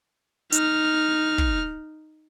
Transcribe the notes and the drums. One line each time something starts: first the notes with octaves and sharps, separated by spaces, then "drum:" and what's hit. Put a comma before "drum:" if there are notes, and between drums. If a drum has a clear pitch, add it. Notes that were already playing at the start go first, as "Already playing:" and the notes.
D#4 F6, drum: hi-hat
drum: kick